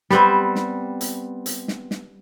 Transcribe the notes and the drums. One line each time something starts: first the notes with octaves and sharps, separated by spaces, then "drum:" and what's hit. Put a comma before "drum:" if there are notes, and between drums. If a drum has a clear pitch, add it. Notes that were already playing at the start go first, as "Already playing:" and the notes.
G3 B3 C4, drum: snare
drum: snare
drum: hi-hat
drum: hi-hat
drum: snare
drum: snare